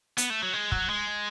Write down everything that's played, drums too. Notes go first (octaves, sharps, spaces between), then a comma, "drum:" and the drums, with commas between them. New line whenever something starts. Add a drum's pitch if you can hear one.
B3, drum: hi-hat
A3
F#3
G#3
F#3, drum: kick
G#3